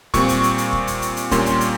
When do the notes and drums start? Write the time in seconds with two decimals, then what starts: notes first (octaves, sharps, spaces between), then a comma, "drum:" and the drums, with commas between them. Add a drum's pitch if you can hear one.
0.14 A#2 G3 C4 C#6, drum: kick, hi-hat
0.29 drum: hi-hat
0.43 drum: hi-hat
0.58 drum: hi-hat
0.73 drum: kick
0.87 drum: hi-hat
1.02 drum: hi-hat
1.17 drum: hi-hat
1.31 A#2 G3 A#3 C#4 C6, drum: kick, hi-hat
1.46 drum: hi-hat
1.61 drum: hi-hat